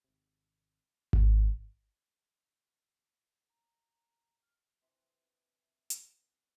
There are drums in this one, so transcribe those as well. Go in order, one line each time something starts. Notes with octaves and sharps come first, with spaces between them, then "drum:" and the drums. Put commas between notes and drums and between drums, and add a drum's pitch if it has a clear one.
G#1 C3
drum: kick G#1
D5 D#5 A#5
A#5
F6
C3 E3 C6
B3, drum: hi-hat